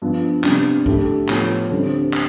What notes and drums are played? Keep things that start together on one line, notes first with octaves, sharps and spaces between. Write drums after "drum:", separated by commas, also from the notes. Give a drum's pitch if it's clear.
G2 F3 B3
C3 G3 B3 D4, drum: clap
D3 A3 E4 G4, drum: kick
A2 F3 B3, drum: clap
D2 D3 G3 C4 G4
drum: clap